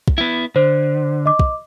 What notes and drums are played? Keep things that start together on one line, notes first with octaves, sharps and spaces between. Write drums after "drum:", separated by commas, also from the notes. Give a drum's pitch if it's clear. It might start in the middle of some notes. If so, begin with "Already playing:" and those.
drum: kick
B3 E4
D3 C5
D#5 D6
drum: kick